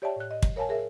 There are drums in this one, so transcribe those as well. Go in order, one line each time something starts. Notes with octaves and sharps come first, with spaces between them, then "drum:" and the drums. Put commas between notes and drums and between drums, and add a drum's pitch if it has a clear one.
G4 C#5 D5 E5 G5 A5
A2 F#6
D#5
F#3, drum: kick
A#4 C#5 F5 G#5 A5
G#4 A#4 E5